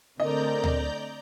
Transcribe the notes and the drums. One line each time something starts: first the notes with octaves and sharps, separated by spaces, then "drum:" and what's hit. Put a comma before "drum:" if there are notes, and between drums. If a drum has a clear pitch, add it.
D3 A3 C4 A#4 D5 D#5 A#5 G6
drum: tom D2